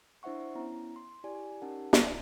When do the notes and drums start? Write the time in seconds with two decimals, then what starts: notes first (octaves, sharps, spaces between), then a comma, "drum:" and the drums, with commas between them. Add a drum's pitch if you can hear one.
0.23 D4 E4 C5 E5 F#5 C#6
0.55 B3 C#4 E4 A#5
0.96 C6
1.24 E4 G4 D5 G#5
1.62 C#4 D#4 G4 A#4 F#5 A5
1.93 drum: snare